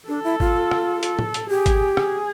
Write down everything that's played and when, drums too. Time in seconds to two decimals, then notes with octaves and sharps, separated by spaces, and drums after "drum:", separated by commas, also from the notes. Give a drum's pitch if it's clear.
0.08 D4 A4
0.24 E4
0.40 F4, drum: kick
0.71 drum: rim click
1.03 A4, drum: hi-hat
1.19 drum: tom
1.34 drum: hi-hat
1.50 G4 G#4
1.66 drum: kick, hi-hat
1.97 G#4, drum: rim click